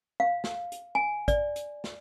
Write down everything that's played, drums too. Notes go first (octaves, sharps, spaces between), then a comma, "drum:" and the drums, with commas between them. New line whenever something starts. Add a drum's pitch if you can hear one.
F5
drum: snare
drum: hi-hat
G#5
D5, drum: kick, hi-hat
drum: hi-hat
drum: snare